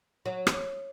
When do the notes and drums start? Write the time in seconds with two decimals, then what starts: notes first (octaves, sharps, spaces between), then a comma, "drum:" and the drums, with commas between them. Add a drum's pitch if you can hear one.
0.25 F#3
0.47 drum: rim click